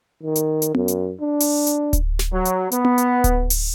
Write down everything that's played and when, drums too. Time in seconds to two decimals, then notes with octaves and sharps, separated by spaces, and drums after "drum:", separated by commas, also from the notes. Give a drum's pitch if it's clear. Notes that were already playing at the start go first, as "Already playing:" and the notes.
0.23 D#3
0.36 drum: hi-hat
0.62 drum: hi-hat
0.75 F#2, drum: tom B3
0.88 drum: hi-hat
1.21 D4
1.40 drum: open hi-hat
1.67 drum: hi-hat
1.93 drum: kick D1, hi-hat
2.19 drum: snare
2.32 F#3
2.45 drum: hi-hat
2.72 B3, drum: hi-hat
2.85 drum: tom B3
2.98 drum: hi-hat
3.24 drum: kick D1, hi-hat
3.50 drum: open hi-hat